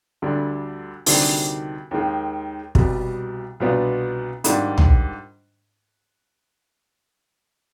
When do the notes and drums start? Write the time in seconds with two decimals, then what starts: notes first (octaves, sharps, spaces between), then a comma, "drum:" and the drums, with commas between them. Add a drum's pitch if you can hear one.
0.22 D2 D3 G3 D4
1.06 D2 C3 D#3 G3 D4, drum: open hi-hat
1.91 D#2 D#3 G#3
2.75 C2 B2 G3, drum: kick
3.60 C2 B2 B3 D4 F4
4.44 G#2 D#3 G3 D4 F4, drum: hi-hat
4.78 drum: tom